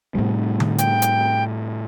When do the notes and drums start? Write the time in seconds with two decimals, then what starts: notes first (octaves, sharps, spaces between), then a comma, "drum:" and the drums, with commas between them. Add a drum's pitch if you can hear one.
0.15 A2 C3 G3
0.60 drum: tom D3
0.78 G5, drum: hi-hat
1.02 drum: hi-hat